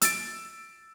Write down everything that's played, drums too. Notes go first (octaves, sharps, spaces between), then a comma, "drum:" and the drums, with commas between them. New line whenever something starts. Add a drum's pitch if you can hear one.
E6 A6 D7, drum: hi-hat